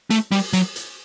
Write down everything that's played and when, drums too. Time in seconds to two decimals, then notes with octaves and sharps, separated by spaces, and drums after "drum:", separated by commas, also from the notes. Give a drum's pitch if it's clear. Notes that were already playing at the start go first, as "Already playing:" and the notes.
0.10 A3, drum: hi-hat
0.31 G3, drum: open hi-hat
0.53 F#3, drum: hi-hat
0.76 drum: hi-hat